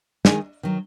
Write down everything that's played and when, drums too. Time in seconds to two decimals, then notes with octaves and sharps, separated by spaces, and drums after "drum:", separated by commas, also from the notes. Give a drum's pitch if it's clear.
0.25 D#3 G#3 D#4 G#4, drum: snare
0.63 D#3 F#3